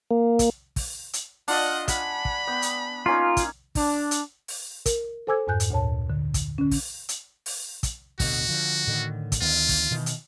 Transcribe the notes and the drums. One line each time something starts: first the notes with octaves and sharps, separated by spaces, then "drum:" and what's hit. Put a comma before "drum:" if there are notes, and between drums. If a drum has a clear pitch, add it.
A#3
drum: kick, hi-hat
drum: kick, open hi-hat
drum: hi-hat
D4 F4 D#5 F#5, drum: open hi-hat
F#5 G#5 B5, drum: kick, hi-hat
drum: kick
B3 G5
drum: hi-hat
A#3 C#4 D#4 F4
drum: kick, hi-hat
D4, drum: kick, open hi-hat
drum: hi-hat
drum: open hi-hat
A#4, drum: kick, hi-hat
A4 C5 G#5 D6 E6 G#6
F2 G#2 G#5 F#6 G6
drum: hi-hat
D2 A#2 C#5 A5
D3
drum: kick, hi-hat
D3 C#4
drum: kick, open hi-hat
drum: hi-hat
drum: open hi-hat
drum: kick, hi-hat
D1 B2 D3 F#4, drum: kick, open hi-hat
D3 F3
A2 D3 D#3
drum: kick, hi-hat
D2 D#3 B3 F4
drum: kick, open hi-hat
B2 D#3 E3
drum: hi-hat